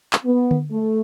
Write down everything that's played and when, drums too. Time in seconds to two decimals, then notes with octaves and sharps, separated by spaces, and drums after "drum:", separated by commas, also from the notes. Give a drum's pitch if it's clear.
0.13 drum: clap
0.25 B3
0.51 drum: tom D3
0.71 A3